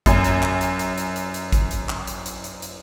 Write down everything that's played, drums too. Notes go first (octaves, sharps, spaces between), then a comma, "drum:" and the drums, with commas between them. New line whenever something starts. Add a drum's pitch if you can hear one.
F#2 G#5, drum: kick A1, hi-hat
drum: hi-hat
drum: clap
drum: hi-hat
drum: hi-hat
drum: hi-hat
drum: hi-hat
drum: hi-hat
drum: kick A1, hi-hat
drum: hi-hat
drum: clap
drum: hi-hat
drum: hi-hat
drum: hi-hat
drum: hi-hat